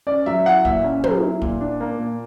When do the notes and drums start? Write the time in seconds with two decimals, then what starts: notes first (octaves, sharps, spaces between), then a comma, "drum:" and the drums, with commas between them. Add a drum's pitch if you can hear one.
0.07 C#4 D5
0.26 F#3 E5
0.46 E4 F#5
0.65 A#2 E5, drum: kick
0.84 C#4
1.04 F#3, drum: tom
1.23 E4
1.42 A#2, drum: kick
1.61 D4
1.80 A#3
1.99 A#2